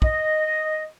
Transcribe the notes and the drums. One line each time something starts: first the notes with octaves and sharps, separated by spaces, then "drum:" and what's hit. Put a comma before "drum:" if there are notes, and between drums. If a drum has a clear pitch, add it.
D#5, drum: kick